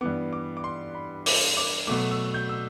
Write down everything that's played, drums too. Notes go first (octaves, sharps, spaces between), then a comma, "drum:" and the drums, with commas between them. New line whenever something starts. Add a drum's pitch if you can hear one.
G2 E3 B3 D6
D6
D6
C6
B5
D6, drum: open hi-hat
D6
B2 F#3 A3 D6
E6
G6
E6